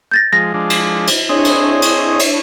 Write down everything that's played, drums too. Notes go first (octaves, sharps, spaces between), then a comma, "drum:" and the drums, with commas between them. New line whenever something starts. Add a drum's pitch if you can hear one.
G6 A6 A#6
F3 G#3 A#6
F3 G#3 D4
drum: cymbal
drum: cymbal
C4 D4 E4 G#4 C#5 D#5
drum: cymbal
drum: cymbal
drum: cymbal